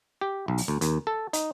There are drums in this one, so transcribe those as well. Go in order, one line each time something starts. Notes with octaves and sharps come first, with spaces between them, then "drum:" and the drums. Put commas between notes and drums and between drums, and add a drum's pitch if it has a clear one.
G4
B1
drum: open hi-hat
D2
D#2, drum: hi-hat
A4
D#4, drum: hi-hat